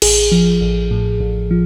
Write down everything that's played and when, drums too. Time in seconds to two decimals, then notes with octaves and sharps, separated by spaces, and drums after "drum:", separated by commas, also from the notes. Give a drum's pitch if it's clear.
0.02 A1 G#4, drum: cymbal
0.32 F3
0.61 A1
0.91 A2
1.21 A1
1.51 F3